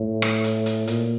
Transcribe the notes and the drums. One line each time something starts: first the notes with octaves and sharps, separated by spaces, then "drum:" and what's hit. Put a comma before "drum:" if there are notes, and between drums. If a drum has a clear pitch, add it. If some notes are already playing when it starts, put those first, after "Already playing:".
Already playing: A2
drum: rim click
drum: hi-hat
drum: hi-hat
A#2, drum: hi-hat